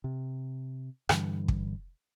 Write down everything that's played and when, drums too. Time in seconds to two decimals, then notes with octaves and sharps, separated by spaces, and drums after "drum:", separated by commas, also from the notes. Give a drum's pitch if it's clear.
0.04 C3
1.09 G2 D3 E3 G3, drum: rim click
1.48 drum: kick